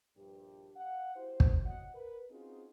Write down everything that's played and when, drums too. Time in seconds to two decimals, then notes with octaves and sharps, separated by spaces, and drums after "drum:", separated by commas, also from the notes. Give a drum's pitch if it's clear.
0.17 A#1 G2 G4
0.76 F5 F#5
1.16 E4 F#4 G4 C5
1.40 drum: kick
1.64 F#4 C#5 D#5 F#5
1.95 A#4 B4
2.31 C4 C#4 D#4 F4 F#4 G#4